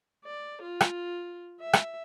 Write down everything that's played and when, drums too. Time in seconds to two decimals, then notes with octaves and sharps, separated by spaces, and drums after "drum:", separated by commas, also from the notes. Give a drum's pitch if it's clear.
0.25 D5
0.62 F4
0.81 drum: rim click
1.60 E5
1.73 drum: rim click